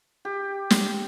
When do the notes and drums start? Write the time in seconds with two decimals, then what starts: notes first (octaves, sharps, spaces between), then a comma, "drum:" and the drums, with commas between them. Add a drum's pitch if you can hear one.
0.25 G4
0.70 drum: snare